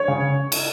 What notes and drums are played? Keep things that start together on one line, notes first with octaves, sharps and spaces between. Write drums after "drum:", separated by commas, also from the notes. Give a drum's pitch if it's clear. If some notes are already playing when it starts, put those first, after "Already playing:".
Already playing: C#5
C#3
drum: cymbal